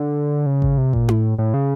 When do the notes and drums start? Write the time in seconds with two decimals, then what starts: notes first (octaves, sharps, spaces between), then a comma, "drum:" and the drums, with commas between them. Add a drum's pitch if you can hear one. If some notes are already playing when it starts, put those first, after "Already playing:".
Already playing: D3
0.46 C#3
0.62 drum: kick G#1
0.78 C3
0.93 A#2, drum: kick G#1
1.09 A2, drum: tom E4
1.38 A2
1.54 C#3